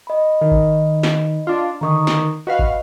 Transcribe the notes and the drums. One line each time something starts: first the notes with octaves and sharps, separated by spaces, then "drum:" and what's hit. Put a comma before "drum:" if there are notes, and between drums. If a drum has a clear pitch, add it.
D#5 B5
D#3
drum: kick G#1
drum: snare
D4 F4
D3 D#3 A#5 C#6 D#6
drum: snare
F#4 B4 D#5 F5
drum: kick G#1